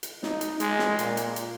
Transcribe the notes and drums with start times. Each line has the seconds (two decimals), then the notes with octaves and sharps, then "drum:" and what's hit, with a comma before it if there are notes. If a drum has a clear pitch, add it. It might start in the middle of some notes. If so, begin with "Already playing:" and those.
0.03 drum: hi-hat
0.23 D#4, drum: snare
0.41 drum: hi-hat
0.60 G#3, drum: hi-hat
0.79 drum: snare
0.99 A#2, drum: hi-hat
1.17 drum: hi-hat
1.36 drum: hi-hat